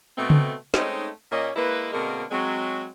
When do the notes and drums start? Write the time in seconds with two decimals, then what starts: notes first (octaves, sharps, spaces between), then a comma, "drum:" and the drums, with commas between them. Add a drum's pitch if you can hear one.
0.17 B2 A3 C4
0.30 drum: tom C#3
0.74 G#3 A3 C4 C#4 D#4, drum: snare
1.31 A#2 A#3 C#4 D5 D#5
1.56 G#3 A#3 E4 B4
1.92 B2 D3 G#3 A#3 C4 A#4
2.31 F#3 G#3 C4